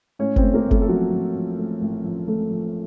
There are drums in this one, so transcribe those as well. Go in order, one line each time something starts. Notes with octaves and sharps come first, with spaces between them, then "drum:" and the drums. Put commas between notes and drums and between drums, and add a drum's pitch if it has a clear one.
A2 C#4 C#5
C4 C5, drum: kick F#1
A3
A#3 A#4
A1
A3 A4, drum: kick F#1
A4
F3 F#3 F#4
F3
F3
A3
A1
F3
F3 A3 A4
F3